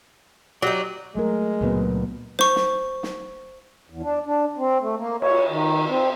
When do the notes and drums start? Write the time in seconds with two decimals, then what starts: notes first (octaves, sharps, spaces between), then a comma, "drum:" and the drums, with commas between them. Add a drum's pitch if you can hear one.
0.62 F#3 D#4 F#4 G4 D5
1.15 F#3 G#3 A3 A#4
1.61 C#2 A#2 F#3 A#3 B3 B4
2.39 C5 C#6, drum: snare
2.56 drum: snare
3.03 drum: snare
3.90 E2
4.03 D4
4.26 D4
4.57 C4
4.80 A3
4.97 A#3
5.22 C#5, drum: cymbal
5.49 D#3
5.88 C4